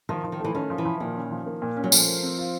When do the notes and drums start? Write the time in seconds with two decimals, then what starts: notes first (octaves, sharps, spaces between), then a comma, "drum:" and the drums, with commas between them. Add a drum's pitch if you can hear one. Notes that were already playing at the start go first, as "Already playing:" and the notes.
0.09 D#3 F3
0.24 F3
0.32 D#3
0.40 E3 A3
0.55 D#3 C#4
0.70 F3
0.78 E3
0.85 F3
1.00 A#2 D#3
1.16 C#4
1.31 F3
1.46 A#3
1.62 A#2
1.77 C#4
1.84 F#3
1.92 F3 A3, drum: tambourine
2.08 A#4
2.23 C4
2.38 F4